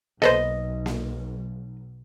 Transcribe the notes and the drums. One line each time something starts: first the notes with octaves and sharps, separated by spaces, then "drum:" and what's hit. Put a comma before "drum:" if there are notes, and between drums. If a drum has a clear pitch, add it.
B1 A4 B4 C5 D#5, drum: snare A#3
drum: snare A#3